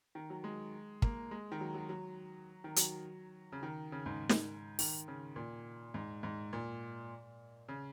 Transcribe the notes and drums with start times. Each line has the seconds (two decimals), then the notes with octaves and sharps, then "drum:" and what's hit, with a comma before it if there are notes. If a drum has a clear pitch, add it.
0.15 D#3
0.30 F#3
0.44 G#3
1.02 A#3, drum: kick
1.31 G#3
1.52 D#3
1.60 F#3
1.74 F#3
1.89 F#3
2.64 D#3
2.76 F#3, drum: hi-hat
3.52 C#3
3.63 D#3
3.92 C#3
4.06 G#2
4.29 drum: snare
4.79 D#3, drum: open hi-hat
5.08 C#3
5.36 A#2
5.94 G#2
6.23 G#2
6.53 A#2
7.68 C#3